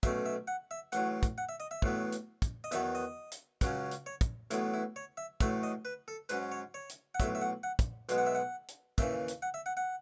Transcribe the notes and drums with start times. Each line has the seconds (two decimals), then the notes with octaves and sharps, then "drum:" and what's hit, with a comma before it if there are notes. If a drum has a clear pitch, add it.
0.03 B1 B2 A3 C#4 E5, drum: kick, hi-hat
0.26 E5
0.48 F#5
0.71 E5
0.92 A1 A2 F#3 F#5, drum: hi-hat
1.23 drum: kick, hi-hat
1.38 F#5
1.49 E5
1.60 D#5
1.71 E5
1.82 A1 A2 F#3 B3, drum: kick
2.12 drum: hi-hat
2.42 drum: kick, hi-hat
2.64 D#5
2.71 E2 D#3 F#3 B3 E5, drum: hi-hat
2.95 D#5
3.31 drum: hi-hat
3.61 C#2 C#3 F#3 C#4, drum: kick, hi-hat
3.91 drum: hi-hat
4.06 C#5
4.21 drum: kick, hi-hat
4.51 A1 A2 F#3 B3 E4, drum: hi-hat
4.74 E4
4.96 C#5
5.17 E5
5.40 A1 A2 F#3 A3 E5, drum: kick, hi-hat
5.63 D#5
5.85 B4
6.08 A4
6.29 G#2 F#3 C#4 B4, drum: hi-hat
6.52 C#5
6.74 C#5
6.89 drum: hi-hat
7.15 F#5
7.20 B1 A2 F#3 E5, drum: kick, hi-hat
7.35 E5
7.41 F#5
7.63 F#5
7.79 drum: kick, hi-hat
8.09 B1 B2 G#3 B3, drum: hi-hat
8.18 F#5
8.27 E5
8.35 F#5
8.68 drum: hi-hat
8.98 D#2 C#3 E3 E5, drum: kick, hi-hat
9.28 drum: hi-hat
9.42 F#5
9.54 E5
9.66 F#5
9.77 F#5